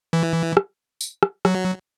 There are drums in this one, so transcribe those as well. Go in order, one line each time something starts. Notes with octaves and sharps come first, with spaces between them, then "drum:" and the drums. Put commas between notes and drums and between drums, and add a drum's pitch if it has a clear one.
E3
drum: rim click
drum: tambourine
drum: rim click
F#3, drum: rim click